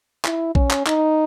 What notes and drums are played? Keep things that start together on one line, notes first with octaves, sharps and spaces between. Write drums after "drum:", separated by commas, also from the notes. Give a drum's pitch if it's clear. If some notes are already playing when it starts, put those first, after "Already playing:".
E4, drum: clap
C#4, drum: kick A#1
drum: clap
D#4, drum: clap